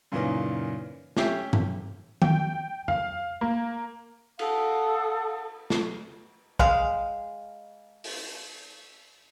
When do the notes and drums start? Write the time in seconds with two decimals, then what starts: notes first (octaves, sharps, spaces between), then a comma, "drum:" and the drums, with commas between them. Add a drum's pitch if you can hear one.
0.12 F#2 A#2 C#3 E3 C#4 D#4
1.17 C#4 G4 E5 G5, drum: snare
1.53 drum: tom G2
2.22 G5, drum: tom D#3
2.88 F5, drum: tom F2
3.41 A#3
4.39 A4 F5 F#5 D#6, drum: cymbal
5.70 drum: snare
6.59 G#3 G#4 F5, drum: kick
8.04 drum: open hi-hat